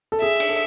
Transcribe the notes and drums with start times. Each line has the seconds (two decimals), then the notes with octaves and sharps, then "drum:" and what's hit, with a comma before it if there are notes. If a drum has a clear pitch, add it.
0.12 A4
0.21 G#4 E5
0.40 drum: cymbal
0.49 A4